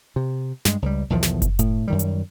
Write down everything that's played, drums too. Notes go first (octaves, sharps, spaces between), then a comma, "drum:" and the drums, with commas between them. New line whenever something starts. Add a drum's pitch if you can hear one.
C3
G2 G#3, drum: snare
C#2 G3
B1 E2 D#3 F3
drum: snare
drum: kick F#1, hi-hat
A2, drum: hi-hat
F#2 D#3 G3
drum: hi-hat